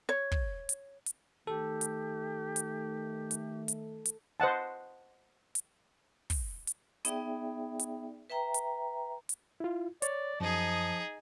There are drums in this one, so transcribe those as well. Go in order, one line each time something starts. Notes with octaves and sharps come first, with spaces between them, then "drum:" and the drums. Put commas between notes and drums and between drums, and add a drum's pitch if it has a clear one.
C#5
drum: kick
drum: hi-hat
drum: hi-hat
D#3 A3 G4 A4
drum: hi-hat
drum: hi-hat
drum: hi-hat
drum: hi-hat
drum: hi-hat
C5 D#5 F#5 A5
drum: hi-hat
drum: kick, open hi-hat
drum: hi-hat
B3 D#4 G#4 D5 E5 G5, drum: hi-hat
drum: hi-hat
B4 E5 G5 A#5
drum: hi-hat
drum: hi-hat
E4 F4
C#5 D5, drum: hi-hat
F#2 F3 D#4 G#4